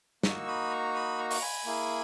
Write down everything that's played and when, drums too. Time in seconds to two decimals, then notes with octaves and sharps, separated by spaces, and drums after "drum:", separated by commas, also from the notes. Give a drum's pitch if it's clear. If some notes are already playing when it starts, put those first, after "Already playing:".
0.23 A#3 D#4 F#4 C#6 E6, drum: snare
0.47 B5 D#6
0.71 A#5 C#6
0.94 B5 D#6
1.18 A#5 C#6
1.31 C#6, drum: open hi-hat
1.41 G#5 B5
1.65 A#3 E4 G#4